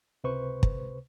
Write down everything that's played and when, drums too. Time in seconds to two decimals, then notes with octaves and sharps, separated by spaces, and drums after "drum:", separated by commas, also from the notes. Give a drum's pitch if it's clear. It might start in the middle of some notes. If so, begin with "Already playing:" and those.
0.24 C#2 C3 B4 C5 C#6
0.63 drum: kick